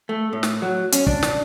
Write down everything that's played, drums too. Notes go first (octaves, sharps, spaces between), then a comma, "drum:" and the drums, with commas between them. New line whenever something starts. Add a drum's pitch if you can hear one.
A3
A2
drum: snare
F#3
C#4, drum: hi-hat
D4, drum: kick
drum: snare